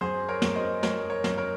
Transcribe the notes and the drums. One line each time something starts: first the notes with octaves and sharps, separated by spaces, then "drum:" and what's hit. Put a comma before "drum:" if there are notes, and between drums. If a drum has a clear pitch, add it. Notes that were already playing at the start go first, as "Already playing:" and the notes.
F#2 G#4 C5
A#4 C#5
F#2, drum: snare
C5 D#5
F#2 A#4 C#5, drum: snare
A#4 C#5
F#2, drum: snare
A#4 C#5